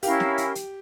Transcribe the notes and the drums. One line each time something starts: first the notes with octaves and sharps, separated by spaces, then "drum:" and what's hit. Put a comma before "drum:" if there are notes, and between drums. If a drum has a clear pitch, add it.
C#4 E4 G4 A#4 F5, drum: open hi-hat
drum: snare
drum: hi-hat
drum: hi-hat